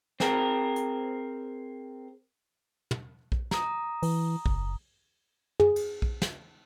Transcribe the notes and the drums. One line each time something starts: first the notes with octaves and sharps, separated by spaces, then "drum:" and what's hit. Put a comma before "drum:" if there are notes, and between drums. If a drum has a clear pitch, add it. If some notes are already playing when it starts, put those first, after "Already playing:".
C4 G#4 A#4, drum: snare
drum: hi-hat
drum: tom
drum: kick A#1
A#5 D#6, drum: snare
E3, drum: open hi-hat
F#1, drum: kick A#1
G#4, drum: tom
drum: cymbal
drum: kick A#1
drum: snare